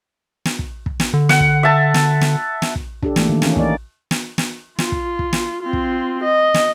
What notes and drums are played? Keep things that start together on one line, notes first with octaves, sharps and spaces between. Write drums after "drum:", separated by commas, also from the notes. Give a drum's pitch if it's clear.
drum: snare
drum: kick
drum: kick
drum: snare
D3
F#5, drum: snare
drum: kick
E5 A5
drum: snare
drum: snare
drum: snare
drum: kick
D4 G4 A4, drum: kick
E3 A3 A#3, drum: snare
D#3 A#3
E3 C#4, drum: snare
A#3 D#4 D5, drum: kick
drum: snare
drum: snare
F4, drum: snare
drum: kick
drum: kick
drum: snare
C4 F4
drum: kick
D#5
drum: snare